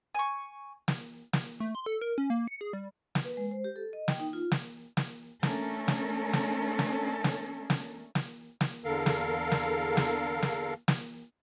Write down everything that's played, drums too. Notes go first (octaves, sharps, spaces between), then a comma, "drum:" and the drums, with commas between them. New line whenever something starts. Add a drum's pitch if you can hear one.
G#5 C#6
drum: snare
drum: snare
A3
C6
A4
A#4
C#4
A#3
C#7
G#4
G3
drum: snare
B4
G#3
C5
G4
A4
D#5
G5, drum: snare
D#4
F4
drum: snare
drum: snare
A3 C#4 D4 A4 A#4, drum: snare
drum: snare
drum: snare
drum: snare
drum: snare
drum: snare
drum: snare
drum: snare
E2 D3 A4 A#4 F5
drum: snare
drum: snare
drum: snare
drum: snare
drum: snare